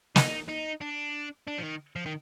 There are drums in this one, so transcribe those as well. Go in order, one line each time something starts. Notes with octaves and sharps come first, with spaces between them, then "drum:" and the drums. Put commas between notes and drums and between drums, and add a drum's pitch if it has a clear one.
D#4, drum: snare
D#4
D4
D4
F3
D#3
F3
D#3